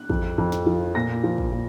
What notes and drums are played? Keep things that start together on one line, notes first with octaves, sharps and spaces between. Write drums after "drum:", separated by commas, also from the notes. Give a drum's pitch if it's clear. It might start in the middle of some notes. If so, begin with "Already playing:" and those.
Already playing: F#6
F2, drum: kick
F2
drum: snare
F3
A#2 A#6
F3
drum: kick
A#2